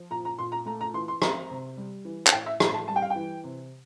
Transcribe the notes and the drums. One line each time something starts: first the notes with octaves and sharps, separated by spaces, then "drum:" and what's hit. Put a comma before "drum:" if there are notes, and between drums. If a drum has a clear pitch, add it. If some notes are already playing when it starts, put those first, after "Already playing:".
Already playing: F3
A#2 A#5
A#5
A#2 C6
A#5
A3 A#5
A#5
E3 C6
C6
C4 A#5, drum: rim click
C3
G3
E3
A5, drum: clap
A2 G5
E5
A2 A#5, drum: rim click
A5
G3 A5
G5
F5
G5
E3
C3